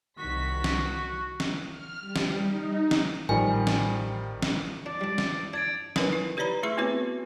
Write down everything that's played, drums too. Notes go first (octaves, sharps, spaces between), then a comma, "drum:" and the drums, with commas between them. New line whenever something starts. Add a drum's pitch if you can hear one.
C2 D#3 F#4 B6
drum: snare
drum: snare
F6
G3
drum: snare
D#4
drum: snare
A1 D#3 F3 G3 G#5
drum: snare
drum: snare
D4 D5
G3 D4
drum: snare
D4 G#6 A6 D7
F#3 D#4 A#4 B4 C#5 G#5, drum: snare
E4
G4 B4 C#5 D5 A#5 B5
A3 E4 G#4 E5 C6 C#6
B3 C4 E4 F#4 B4 C#5